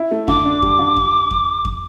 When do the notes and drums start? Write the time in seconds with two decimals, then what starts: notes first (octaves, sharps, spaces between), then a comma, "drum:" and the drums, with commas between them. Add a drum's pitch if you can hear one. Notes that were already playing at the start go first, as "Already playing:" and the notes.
Already playing: E4
0.11 A3
0.28 D3 D6, drum: kick F2
0.45 D4
0.62 G3, drum: kick F2
0.79 D3
0.96 drum: kick F2
1.31 drum: kick F2
1.65 drum: kick F2